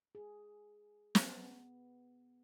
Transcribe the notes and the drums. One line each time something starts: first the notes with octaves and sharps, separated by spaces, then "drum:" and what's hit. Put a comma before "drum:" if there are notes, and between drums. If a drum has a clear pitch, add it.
G#4
B3, drum: snare